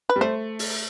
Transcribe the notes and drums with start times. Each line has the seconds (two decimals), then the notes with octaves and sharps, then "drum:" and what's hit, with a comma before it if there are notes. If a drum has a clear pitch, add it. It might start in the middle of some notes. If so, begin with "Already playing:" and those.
0.09 B4
0.16 G3
0.21 A3 C5
0.59 drum: open hi-hat